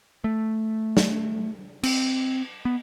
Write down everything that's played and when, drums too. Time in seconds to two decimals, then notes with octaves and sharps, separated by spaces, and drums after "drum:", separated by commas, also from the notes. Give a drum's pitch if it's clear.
0.24 A3
0.97 drum: snare
1.83 C4, drum: cymbal
2.65 B3